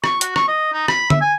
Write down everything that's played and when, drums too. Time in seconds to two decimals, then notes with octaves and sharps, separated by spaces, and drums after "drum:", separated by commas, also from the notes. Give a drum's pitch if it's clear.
0.04 C#6, drum: rim click
0.21 F#4, drum: hi-hat
0.36 C#6, drum: rim click
0.48 D#5
0.73 D#4
0.88 B5, drum: rim click
1.10 E5, drum: tom D3
1.21 G#5